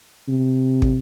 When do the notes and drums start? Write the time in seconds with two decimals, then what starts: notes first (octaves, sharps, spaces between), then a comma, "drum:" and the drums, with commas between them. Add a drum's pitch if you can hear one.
0.28 C3
0.82 drum: kick